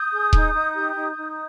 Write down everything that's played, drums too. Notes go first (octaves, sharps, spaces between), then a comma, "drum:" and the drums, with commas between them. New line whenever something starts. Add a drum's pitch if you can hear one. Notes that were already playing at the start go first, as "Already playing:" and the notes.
Already playing: D#6 G6
G#4
D#4, drum: kick D#1
D#4
G4
D#4
D#4